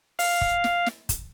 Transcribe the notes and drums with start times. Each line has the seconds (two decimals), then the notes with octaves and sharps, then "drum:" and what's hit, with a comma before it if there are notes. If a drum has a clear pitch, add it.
0.19 F5, drum: open hi-hat
0.41 drum: kick
0.64 drum: snare
0.86 drum: snare
1.09 drum: kick, hi-hat